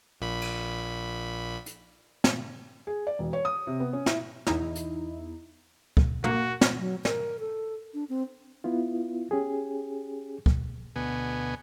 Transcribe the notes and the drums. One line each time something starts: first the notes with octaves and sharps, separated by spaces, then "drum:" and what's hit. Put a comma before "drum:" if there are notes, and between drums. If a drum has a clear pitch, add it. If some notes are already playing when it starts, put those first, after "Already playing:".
A#1 A#2 B5
drum: cymbal
drum: hi-hat
drum: snare
G#4
D5
E1
C#5
D#6
C3
B3
C#4
E4, drum: snare
E2 D#4 E4, drum: snare
drum: hi-hat
drum: kick
A#3 F#4, drum: tom
drum: snare
F#3
A#4, drum: snare
A4
D4
C4
B3 E4 F4
C#4 G4 G#4
drum: kick
D2 B2 B3 G#5